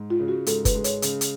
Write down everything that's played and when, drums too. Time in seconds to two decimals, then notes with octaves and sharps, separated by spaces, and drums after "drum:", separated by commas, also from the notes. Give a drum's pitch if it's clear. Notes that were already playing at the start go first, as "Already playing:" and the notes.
Already playing: G#2
0.10 F4
0.20 C#3
0.28 F#4
0.46 G#2 A4, drum: hi-hat
0.65 B4, drum: kick F#1, hi-hat
0.75 G#3
0.84 C#5, drum: hi-hat
1.02 C#3, drum: hi-hat
1.21 drum: hi-hat